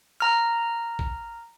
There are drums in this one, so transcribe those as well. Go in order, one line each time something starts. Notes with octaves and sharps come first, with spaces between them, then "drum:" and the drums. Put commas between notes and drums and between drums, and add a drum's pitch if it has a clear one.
A#5 F6
drum: kick